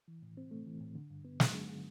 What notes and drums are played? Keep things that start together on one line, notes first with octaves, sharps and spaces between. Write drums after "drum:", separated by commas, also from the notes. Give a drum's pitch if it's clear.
E3
A2
C4
A3
E3
A2
D3
G2
B3
F#3, drum: snare
D3